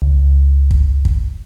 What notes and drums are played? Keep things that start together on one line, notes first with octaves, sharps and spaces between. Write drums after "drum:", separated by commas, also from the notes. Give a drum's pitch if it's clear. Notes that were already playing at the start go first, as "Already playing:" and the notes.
C#2
drum: kick
drum: kick